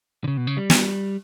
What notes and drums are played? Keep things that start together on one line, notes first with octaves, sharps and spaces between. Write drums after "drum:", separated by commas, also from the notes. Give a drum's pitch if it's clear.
D3
C#3
B2
C#3
G3
drum: snare